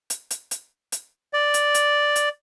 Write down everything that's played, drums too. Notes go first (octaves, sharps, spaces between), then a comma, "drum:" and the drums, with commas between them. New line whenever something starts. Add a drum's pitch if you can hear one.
drum: hi-hat
drum: hi-hat
drum: hi-hat
drum: hi-hat
D5
drum: hi-hat
drum: hi-hat
drum: hi-hat